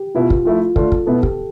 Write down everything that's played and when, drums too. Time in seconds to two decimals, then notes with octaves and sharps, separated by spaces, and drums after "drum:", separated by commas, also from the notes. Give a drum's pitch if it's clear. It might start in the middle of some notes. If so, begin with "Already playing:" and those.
Already playing: G4
0.15 B2 B3 E4 F4
0.30 drum: kick
0.45 F3 A3 E4 F4
0.76 D3 A3 D4 F4 A4, drum: kick
0.92 drum: kick
1.06 B2 B3 E4 A4
1.23 G4, drum: kick